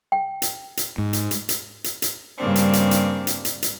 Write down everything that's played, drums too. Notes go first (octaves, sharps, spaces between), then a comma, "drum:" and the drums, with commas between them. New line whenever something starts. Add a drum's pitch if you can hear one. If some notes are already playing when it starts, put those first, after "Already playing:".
G5
drum: hi-hat
drum: hi-hat
G#2
drum: hi-hat
drum: hi-hat
drum: hi-hat
drum: hi-hat
drum: hi-hat
G2 C#3 G3 A#3 C4 D4
drum: hi-hat
drum: hi-hat
drum: hi-hat
drum: hi-hat
drum: hi-hat
drum: hi-hat